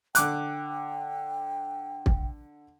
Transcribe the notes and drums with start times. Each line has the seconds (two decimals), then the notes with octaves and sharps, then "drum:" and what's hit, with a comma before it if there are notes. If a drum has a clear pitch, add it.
0.15 D3 G5 D6 F#6, drum: hi-hat
2.06 drum: kick